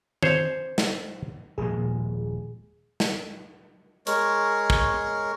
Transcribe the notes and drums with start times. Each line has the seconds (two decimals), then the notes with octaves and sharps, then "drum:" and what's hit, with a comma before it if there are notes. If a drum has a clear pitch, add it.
0.23 C5 C#5, drum: tom D#3
0.78 drum: snare
1.58 D#1 A#2 F3 G#3 G#4
3.00 drum: snare
4.07 G#3 A#4 C#5, drum: hi-hat
4.70 drum: kick